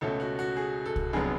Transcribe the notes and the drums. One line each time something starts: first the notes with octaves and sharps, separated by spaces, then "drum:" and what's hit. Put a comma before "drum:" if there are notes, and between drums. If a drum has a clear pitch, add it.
C#2 B2 A3 C#4 A4
F#4
F#4
G#4
A4
drum: kick C2
F1 F2 D3 F#3 B3 G#4